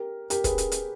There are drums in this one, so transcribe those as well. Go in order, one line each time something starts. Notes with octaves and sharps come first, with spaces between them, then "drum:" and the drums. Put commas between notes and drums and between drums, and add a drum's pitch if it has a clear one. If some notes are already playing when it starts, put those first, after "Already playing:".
Already playing: G4 A#4
G4 A#4, drum: hi-hat
G#4 B4, drum: kick, hi-hat
drum: hi-hat
drum: hi-hat